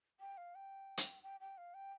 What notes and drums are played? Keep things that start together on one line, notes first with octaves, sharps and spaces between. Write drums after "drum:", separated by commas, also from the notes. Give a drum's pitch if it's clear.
G5
F5
G5
drum: hi-hat
G5
G5
F5
G5